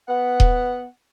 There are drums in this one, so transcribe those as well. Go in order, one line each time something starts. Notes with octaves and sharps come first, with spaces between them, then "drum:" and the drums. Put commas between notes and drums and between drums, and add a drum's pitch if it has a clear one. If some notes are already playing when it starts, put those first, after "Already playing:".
B3 F#5
drum: kick D#1